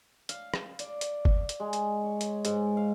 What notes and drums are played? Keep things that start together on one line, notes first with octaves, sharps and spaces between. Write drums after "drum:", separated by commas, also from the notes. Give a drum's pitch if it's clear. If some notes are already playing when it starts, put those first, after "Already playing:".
F5, drum: hi-hat
drum: rim click
D5, drum: hi-hat
drum: hi-hat
drum: kick G1
drum: hi-hat
G#3
drum: hi-hat
C#5
drum: hi-hat
G#2, drum: hi-hat
F5